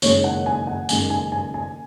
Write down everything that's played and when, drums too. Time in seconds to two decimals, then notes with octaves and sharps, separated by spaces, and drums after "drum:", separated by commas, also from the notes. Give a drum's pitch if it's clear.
0.02 F#1 F#2 D#3 G#3 C#5, drum: tambourine
0.24 F#5
0.46 G#5
0.67 F#5
0.89 F#1 F#2 D#3 G#3 G#5, drum: tambourine
1.10 G#5
1.32 G#5
1.54 G#5